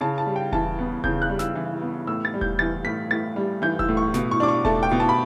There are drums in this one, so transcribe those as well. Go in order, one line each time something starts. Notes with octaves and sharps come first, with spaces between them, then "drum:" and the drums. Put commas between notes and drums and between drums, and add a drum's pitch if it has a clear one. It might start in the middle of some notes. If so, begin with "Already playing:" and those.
C#3 A5
A5
G3
G5
E3 A5, drum: kick E1
B3
C#3 G6, drum: kick E1
F#6
G3
E6, drum: snare
E3
B3
A2 E6
A6
G3
G6, drum: kick E1
E3 A6
A2 B6
A2 A6
G3
E3 G6
E6, drum: kick E1
A2
C#6
B2, drum: snare
C#6
D4 D6
C#6
A3 A5, drum: kick E1
G5
B2
A5
B5